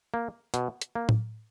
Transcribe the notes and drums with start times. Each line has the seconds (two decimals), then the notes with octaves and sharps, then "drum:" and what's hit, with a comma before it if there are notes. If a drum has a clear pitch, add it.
0.14 A#3
0.54 B2, drum: hi-hat
0.82 drum: hi-hat
0.95 A#3
1.09 drum: tom A2